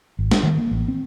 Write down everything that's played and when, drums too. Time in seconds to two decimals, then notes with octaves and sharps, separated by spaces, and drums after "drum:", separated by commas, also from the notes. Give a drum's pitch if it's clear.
0.19 G#1
0.31 D4, drum: snare
0.43 D#3
0.58 A#3
0.71 A1
0.88 C4